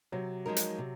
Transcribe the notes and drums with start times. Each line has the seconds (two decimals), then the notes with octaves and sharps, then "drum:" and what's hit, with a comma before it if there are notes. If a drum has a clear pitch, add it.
0.12 C3 F#3
0.46 F3 G#3 D#4 A#4
0.56 drum: hi-hat
0.78 C3